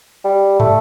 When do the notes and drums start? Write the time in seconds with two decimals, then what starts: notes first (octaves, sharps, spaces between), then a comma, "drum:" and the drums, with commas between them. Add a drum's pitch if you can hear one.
0.25 G3
0.60 A3, drum: tom